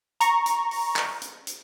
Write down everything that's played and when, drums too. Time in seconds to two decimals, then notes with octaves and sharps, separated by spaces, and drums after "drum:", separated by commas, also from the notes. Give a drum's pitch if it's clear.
0.21 A#5 C#6, drum: hi-hat
0.46 drum: hi-hat
0.71 drum: open hi-hat
0.96 drum: clap
1.22 drum: hi-hat
1.47 drum: hi-hat